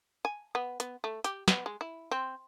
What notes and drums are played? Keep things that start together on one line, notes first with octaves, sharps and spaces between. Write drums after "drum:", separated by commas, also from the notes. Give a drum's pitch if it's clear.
G#5
B3
B3, drum: hi-hat
A3
G4, drum: hi-hat
B3, drum: snare
G#3
E4
C4